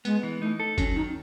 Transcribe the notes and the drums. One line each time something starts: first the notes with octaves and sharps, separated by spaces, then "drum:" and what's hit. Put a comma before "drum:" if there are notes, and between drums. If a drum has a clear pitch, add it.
G#3 B3, drum: tambourine
E3
A3 D#4
A4
F#3 C#4, drum: kick, tambourine
D#3 D#4